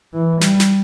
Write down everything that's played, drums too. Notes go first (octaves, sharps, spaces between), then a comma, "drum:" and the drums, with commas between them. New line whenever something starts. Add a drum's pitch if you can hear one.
E3
G3, drum: snare
drum: snare